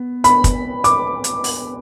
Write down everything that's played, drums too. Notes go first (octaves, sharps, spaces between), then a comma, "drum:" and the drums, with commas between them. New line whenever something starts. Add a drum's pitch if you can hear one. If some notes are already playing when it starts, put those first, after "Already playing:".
Already playing: B3
B5, drum: hi-hat
drum: kick, hi-hat
D6, drum: hi-hat
drum: hi-hat
drum: open hi-hat